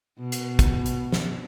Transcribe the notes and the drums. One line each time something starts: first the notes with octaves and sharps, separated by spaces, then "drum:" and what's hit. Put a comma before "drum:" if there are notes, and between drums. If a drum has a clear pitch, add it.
B2
drum: hi-hat
drum: kick, hi-hat
drum: hi-hat
drum: snare